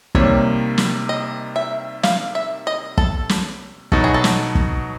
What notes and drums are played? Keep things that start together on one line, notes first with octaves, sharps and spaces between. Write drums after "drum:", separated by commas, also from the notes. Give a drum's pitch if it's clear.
C3 D#3 G3 A#3 C#5, drum: kick
drum: snare
D#5
E5
F5, drum: snare
E5
D#5
A4, drum: kick
drum: snare
B2 F#3 B3 D#4 F#4 A4, drum: kick
G#4
A4
drum: snare
drum: kick